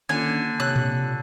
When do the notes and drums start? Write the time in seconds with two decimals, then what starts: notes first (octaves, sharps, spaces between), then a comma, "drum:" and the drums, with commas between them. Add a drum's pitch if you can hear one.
0.09 D3 D#3 A#3 C#4 F4 G#5
0.60 C3 C#5 E6 F#6
0.76 drum: tom A#2